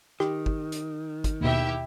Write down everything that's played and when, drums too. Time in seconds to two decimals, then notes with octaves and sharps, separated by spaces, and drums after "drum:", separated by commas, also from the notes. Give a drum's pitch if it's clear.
0.20 D#3 G4, drum: rim click
0.46 drum: kick
0.72 drum: hi-hat
1.24 drum: kick, hi-hat
1.41 D#2 B2 E4 G4 E5